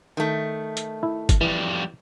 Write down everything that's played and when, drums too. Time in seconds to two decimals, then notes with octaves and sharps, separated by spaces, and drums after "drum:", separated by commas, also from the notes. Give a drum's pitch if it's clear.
0.17 D#3 A3
0.77 drum: hi-hat
1.03 E4
1.29 drum: kick, hi-hat
1.41 F2 E3 G3